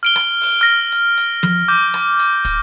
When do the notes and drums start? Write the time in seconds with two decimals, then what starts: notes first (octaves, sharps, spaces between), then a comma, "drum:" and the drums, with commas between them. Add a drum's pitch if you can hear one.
0.03 F6 D7 G7
0.16 drum: rim click
0.41 drum: open hi-hat
0.61 F6 A#6
0.92 drum: hi-hat
1.17 drum: hi-hat
1.43 drum: tom F3
1.68 D6 G6
1.94 drum: rim click
2.19 drum: hi-hat
2.45 drum: kick, hi-hat